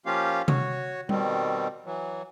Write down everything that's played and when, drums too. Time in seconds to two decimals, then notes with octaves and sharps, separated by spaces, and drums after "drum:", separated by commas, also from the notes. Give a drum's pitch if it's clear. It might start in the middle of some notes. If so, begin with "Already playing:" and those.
0.06 F3 A#3 C#4 F4 G4 F5
0.48 F#4 C#5, drum: tom C3
1.09 B2 D#3 G3 C4, drum: tom G3
1.85 E3 F#3